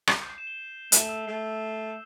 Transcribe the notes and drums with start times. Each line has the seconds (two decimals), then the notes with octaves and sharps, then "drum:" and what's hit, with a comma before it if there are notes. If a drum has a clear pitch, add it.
0.07 drum: rim click
0.21 G6
0.29 C7
0.38 E7
0.47 G7
0.92 A3 G7, drum: hi-hat
1.01 E7
1.09 E6
1.27 A3 C7